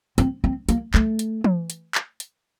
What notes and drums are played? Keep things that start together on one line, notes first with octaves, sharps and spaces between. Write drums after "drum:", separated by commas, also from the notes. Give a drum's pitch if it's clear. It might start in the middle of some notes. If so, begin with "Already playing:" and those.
C4, drum: hi-hat
C4
A#3, drum: hi-hat
A3, drum: clap
drum: hi-hat
drum: tom
drum: hi-hat
drum: clap
drum: hi-hat